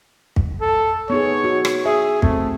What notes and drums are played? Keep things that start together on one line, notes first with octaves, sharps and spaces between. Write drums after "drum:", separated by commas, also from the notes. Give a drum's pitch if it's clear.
drum: kick
A4
B3 D#4 G#4 C#5
F#4
drum: rim click
G#4 E5
A3 C4, drum: kick